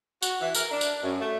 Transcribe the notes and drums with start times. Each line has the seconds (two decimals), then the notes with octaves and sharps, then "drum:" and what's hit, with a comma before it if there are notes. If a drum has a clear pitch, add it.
0.23 F#4, drum: tambourine
0.41 E3
0.55 A#4, drum: tambourine
0.71 D4
0.81 drum: tambourine
1.03 F#2
1.20 A3